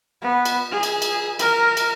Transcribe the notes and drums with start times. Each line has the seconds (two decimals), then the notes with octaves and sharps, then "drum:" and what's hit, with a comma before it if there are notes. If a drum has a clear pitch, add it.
0.21 B3
0.45 drum: cymbal
0.71 G#4
0.83 drum: cymbal
1.02 drum: cymbal
1.39 A#4, drum: cymbal
1.77 drum: cymbal